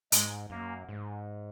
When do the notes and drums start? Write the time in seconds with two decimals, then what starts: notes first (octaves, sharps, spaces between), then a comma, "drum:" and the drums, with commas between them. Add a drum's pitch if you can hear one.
0.12 G#2 G#3, drum: hi-hat
0.50 F#2 A#3
0.89 G#2